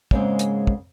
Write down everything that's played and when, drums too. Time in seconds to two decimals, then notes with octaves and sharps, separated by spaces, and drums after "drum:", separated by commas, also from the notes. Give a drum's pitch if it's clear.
0.11 G#2 C#3 G#3 A#3 C4, drum: kick
0.39 drum: hi-hat
0.67 drum: kick